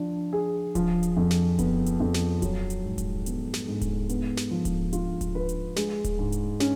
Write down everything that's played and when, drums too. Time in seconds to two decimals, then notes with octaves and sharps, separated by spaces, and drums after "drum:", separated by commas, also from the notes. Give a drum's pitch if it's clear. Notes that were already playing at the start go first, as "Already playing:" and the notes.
Already playing: F3 D4
0.33 G#4
0.75 F3, drum: kick D1, hi-hat
1.03 drum: hi-hat
1.17 F2
1.31 drum: snare
1.59 B3, drum: kick D1, hi-hat
1.86 drum: hi-hat
2.00 F2
2.14 drum: snare
2.42 F#3, drum: kick D1, hi-hat
2.70 drum: hi-hat
2.84 G#2
2.98 drum: kick D1, hi-hat
3.26 B3, drum: hi-hat
3.54 drum: snare
3.68 G#2
3.81 drum: kick D1, hi-hat
4.09 B3, drum: hi-hat
4.37 drum: snare
4.51 F3
4.65 drum: kick D1, hi-hat
4.93 F4, drum: hi-hat
5.21 drum: kick D1, hi-hat
5.35 B4
5.49 drum: hi-hat
5.76 G#3, drum: snare
6.04 drum: kick D1, hi-hat
6.19 G#2
6.32 drum: hi-hat
6.60 C#4, drum: snare